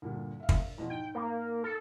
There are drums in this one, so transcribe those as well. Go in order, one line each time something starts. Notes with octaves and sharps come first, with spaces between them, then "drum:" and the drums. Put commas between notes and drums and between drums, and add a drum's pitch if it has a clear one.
D2 G2 A#2
E5 F5
drum: kick
E2 B2 F3
G#2 G5
A#3
A4